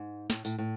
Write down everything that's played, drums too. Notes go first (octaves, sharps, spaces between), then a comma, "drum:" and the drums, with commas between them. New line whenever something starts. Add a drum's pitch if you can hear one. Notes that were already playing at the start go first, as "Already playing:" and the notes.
Already playing: G#2
A2, drum: snare
A2, drum: tambourine
A2